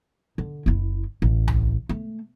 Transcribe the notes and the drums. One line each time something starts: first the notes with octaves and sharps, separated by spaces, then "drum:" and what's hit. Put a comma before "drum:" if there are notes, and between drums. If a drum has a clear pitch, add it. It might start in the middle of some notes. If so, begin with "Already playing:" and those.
D3
F#1 E4
A1
drum: tom C2
A3